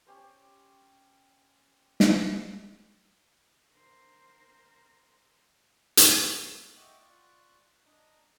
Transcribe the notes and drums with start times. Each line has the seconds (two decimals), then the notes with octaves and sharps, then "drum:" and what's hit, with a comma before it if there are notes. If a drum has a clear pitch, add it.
0.07 C#4 G4 C5
2.00 drum: snare
3.71 A#4 C5
5.97 drum: hi-hat
6.41 A#3 A4
6.76 D#5 E5 F#5 G5 C#6 D6
7.01 F4 D5 C#6 F#6
7.86 D4 D#5 A#5